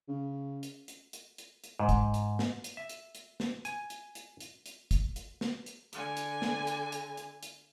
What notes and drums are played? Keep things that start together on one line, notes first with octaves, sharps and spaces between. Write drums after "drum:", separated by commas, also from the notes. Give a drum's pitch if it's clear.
C#3
drum: hi-hat
drum: hi-hat
drum: hi-hat
drum: hi-hat
drum: hi-hat
G#2
drum: kick, hi-hat
drum: hi-hat
drum: snare
drum: hi-hat
E5
drum: hi-hat
drum: hi-hat
drum: snare
G#5, drum: hi-hat
drum: hi-hat
drum: hi-hat
drum: hi-hat
drum: hi-hat
drum: kick, hi-hat
drum: hi-hat
drum: snare
drum: hi-hat
D3 G#5, drum: hi-hat
drum: hi-hat
drum: snare
drum: hi-hat
drum: hi-hat
drum: hi-hat
drum: hi-hat